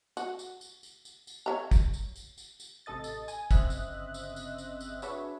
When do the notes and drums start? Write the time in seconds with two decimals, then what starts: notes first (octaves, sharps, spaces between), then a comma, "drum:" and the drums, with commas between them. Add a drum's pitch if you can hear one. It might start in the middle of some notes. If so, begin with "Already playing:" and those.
0.17 F#4, drum: tambourine
0.39 drum: tambourine
0.61 drum: tambourine
0.83 drum: tambourine
1.05 drum: tambourine
1.27 drum: tambourine
1.46 C#5 E5 A#5
1.71 drum: kick, tambourine
1.94 drum: tambourine
2.16 drum: tambourine
2.38 drum: tambourine
2.60 drum: tambourine
2.86 A1 C3 A4 D#5 A6
3.04 drum: tambourine
3.28 G#5, drum: tambourine
3.51 G1 C#3 C4 D#5 E5 F#6, drum: kick, tambourine
3.70 drum: tambourine
4.14 drum: tambourine
4.36 drum: tambourine
4.58 drum: tambourine
4.81 drum: tambourine
5.02 D4 F#4 G#4 B4 C#5 E5, drum: tambourine